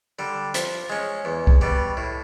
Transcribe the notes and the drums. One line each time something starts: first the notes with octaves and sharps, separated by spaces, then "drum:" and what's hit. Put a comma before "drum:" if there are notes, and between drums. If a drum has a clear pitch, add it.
D3 G3
F3, drum: hi-hat
G#3 C#4
E2
drum: kick C2
B2 G3
A2